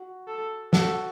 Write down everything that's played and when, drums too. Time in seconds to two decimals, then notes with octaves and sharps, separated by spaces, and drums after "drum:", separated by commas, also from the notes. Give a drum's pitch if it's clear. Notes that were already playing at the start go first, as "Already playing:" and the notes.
Already playing: F#4
0.28 A4
0.73 F#4 A4, drum: snare